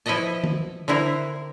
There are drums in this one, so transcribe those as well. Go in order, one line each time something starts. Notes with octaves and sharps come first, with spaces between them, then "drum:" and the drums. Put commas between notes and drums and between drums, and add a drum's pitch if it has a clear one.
F3 E4 A4 B4 D#5 A5
drum: tom
D3 C4 E4 A#4